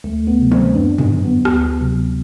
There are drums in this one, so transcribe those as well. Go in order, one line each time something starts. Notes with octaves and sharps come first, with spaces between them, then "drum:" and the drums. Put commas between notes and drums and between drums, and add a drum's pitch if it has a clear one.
D2 A3
B3
C3 F#3
A3 C4, drum: tom D#3
F#2 B3 D4
drum: tom G2
D3 F#3
B3
D2 B3, drum: rim click
C3 F#3